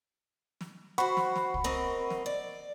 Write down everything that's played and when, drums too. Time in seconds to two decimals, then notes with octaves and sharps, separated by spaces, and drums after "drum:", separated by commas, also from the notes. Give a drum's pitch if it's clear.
0.61 drum: snare
0.98 F#4 C5 F#5 B5 C#6
1.17 drum: snare
1.35 drum: snare
1.54 drum: kick C2
1.64 C4 A#4 D#5
2.10 drum: snare
2.26 D5